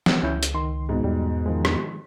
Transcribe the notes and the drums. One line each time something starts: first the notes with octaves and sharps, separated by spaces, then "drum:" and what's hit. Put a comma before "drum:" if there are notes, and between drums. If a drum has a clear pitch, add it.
drum: snare
C#2 C#4 E4 G6
drum: hi-hat
D#3 C6
G#2 B2
E2 G3
D#3 F3 G#3
drum: rim click